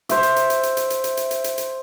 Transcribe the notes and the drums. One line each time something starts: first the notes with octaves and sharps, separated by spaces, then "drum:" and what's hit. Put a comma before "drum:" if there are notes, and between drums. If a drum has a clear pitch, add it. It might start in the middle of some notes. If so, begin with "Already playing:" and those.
C5 E5, drum: hi-hat
drum: hi-hat
drum: hi-hat
drum: hi-hat
drum: hi-hat
drum: hi-hat
drum: hi-hat
drum: hi-hat
drum: hi-hat
drum: hi-hat
drum: hi-hat
drum: hi-hat